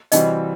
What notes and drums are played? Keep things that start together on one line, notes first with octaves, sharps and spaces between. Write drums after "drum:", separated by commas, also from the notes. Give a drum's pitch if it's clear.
C3 E3 G3 C4 F#4 D#5, drum: hi-hat